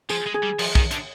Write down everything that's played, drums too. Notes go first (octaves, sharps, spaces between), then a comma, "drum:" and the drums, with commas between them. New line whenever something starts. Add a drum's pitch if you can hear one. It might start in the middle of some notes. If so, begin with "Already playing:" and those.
F3 G#4, drum: tambourine
G#3
G#4
G3
F3, drum: cymbal
D#3, drum: kick
D3, drum: hi-hat